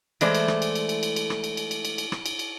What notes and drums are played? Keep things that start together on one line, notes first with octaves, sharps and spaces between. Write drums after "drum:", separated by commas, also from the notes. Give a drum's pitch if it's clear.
E3 G#3 A3 C5 D5, drum: cymbal
drum: cymbal
drum: rim click
drum: cymbal
drum: cymbal
drum: cymbal
drum: cymbal
drum: cymbal
drum: rim click
drum: cymbal
drum: cymbal
drum: cymbal
drum: cymbal
drum: cymbal
drum: rim click
drum: cymbal
drum: cymbal